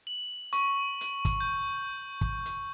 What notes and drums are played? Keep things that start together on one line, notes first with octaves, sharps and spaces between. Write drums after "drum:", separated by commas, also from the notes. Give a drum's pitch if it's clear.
F#7
C#6, drum: hi-hat
drum: hi-hat
drum: kick, hi-hat
G6
drum: kick
drum: hi-hat